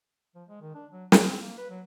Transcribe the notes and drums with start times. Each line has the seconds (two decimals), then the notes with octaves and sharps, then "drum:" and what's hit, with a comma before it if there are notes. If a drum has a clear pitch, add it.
0.35 F3
0.49 G#3
0.61 D#3
0.74 D4
0.92 F#3
1.12 F#3, drum: snare
1.27 C4
1.41 A#3
1.57 B4
1.70 F#3